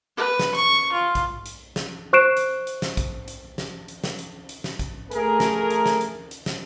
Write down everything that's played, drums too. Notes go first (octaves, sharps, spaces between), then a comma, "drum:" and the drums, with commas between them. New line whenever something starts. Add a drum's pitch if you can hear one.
B4
drum: snare
C#6, drum: hi-hat
F4
drum: kick, hi-hat
drum: hi-hat
drum: snare
C5 C#6 F#6 C7 D7 E7
drum: hi-hat
drum: hi-hat
drum: snare
drum: kick, hi-hat
drum: hi-hat
drum: snare
drum: hi-hat
drum: snare
drum: hi-hat
drum: hi-hat
drum: snare
drum: kick, hi-hat
A3 G#4 A#4, drum: hi-hat
drum: snare
drum: hi-hat
drum: snare
drum: hi-hat
drum: hi-hat
drum: snare